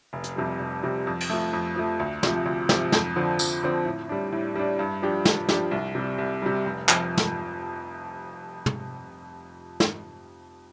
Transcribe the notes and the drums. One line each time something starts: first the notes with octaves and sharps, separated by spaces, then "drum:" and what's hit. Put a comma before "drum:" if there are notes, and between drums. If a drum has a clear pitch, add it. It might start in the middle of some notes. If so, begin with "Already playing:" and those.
F1
drum: hi-hat
F2 C3 G3
F1
F2 C3 G3
F2
drum: cymbal
F3 A3
F2
F3 A3
D2
C3 F3, drum: snare
D2
C3 F3, drum: snare
F2, drum: snare
D3 F3 C4
F2, drum: tambourine
D3 F3 C4
A2
G3 D4
A2
G3 D4
G2
F3 D4 G4
G2, drum: snare
F3 D4 G4, drum: snare
C2
C3 G3
C2
C3 G3
F1
F2 F3, drum: clap
drum: snare
drum: tom
drum: snare